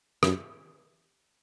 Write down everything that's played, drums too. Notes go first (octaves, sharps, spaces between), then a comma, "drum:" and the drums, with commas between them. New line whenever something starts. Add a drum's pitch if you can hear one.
F#2, drum: rim click